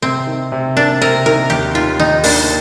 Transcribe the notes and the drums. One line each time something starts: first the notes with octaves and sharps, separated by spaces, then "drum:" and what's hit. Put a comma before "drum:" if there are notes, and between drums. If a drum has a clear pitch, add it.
C3 C4
D#3
C3
A#3 D4
C3 A#4
D#3 A#4
D#2 G4
D#3 F4
D#2 D#4
A#3 D4, drum: open hi-hat